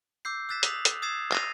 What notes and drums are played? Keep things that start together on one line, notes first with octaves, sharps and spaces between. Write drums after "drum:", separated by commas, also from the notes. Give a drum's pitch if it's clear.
D6 E6 G6 C7
E6 F#6 A6 B6 E7
D#6 B6 F7 F#7, drum: hi-hat
drum: hi-hat
D#6 E6 G#6 A6 C7 E7
A6 A#6 C7 D#7 F7, drum: clap